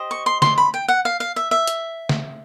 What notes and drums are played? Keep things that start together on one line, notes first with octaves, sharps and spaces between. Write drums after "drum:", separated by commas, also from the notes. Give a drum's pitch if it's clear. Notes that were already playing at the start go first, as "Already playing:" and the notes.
Already playing: G4 C5 D#5
C#6
C6
C6, drum: snare
B5
G5
F#5
F5
F5
E5
E5
drum: hi-hat
drum: snare